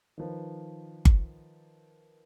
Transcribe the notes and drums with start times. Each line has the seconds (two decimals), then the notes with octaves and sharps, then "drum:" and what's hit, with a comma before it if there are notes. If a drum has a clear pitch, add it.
0.18 D#3 F3 B4
1.05 drum: kick G1